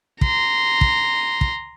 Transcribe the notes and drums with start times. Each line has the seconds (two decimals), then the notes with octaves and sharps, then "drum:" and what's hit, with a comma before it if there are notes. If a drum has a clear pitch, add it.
0.21 A#5 C6, drum: kick
0.81 drum: kick
1.41 drum: kick